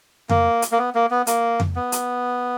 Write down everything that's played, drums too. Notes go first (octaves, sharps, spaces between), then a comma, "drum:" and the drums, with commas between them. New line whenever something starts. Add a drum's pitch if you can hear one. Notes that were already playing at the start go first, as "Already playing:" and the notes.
A#3, drum: tom F2
drum: hi-hat
A#3
B3
A#3
B3
A#3, drum: hi-hat
drum: tom F2
B3
drum: hi-hat